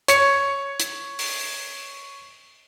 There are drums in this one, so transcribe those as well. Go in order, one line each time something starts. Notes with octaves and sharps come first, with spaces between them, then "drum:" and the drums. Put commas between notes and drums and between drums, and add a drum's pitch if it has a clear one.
C#5 C#7, drum: hi-hat
drum: hi-hat
drum: open hi-hat